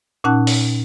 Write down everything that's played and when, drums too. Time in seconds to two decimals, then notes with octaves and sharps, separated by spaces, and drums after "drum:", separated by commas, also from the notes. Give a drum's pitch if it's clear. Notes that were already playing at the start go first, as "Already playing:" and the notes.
0.24 A#2 C#4 D#4 F#5 A5 F#6
0.47 drum: open hi-hat